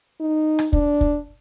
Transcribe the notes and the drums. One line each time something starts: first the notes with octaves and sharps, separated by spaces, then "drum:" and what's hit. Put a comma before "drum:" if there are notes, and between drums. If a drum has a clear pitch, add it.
D#4
drum: rim click
D4, drum: kick
drum: kick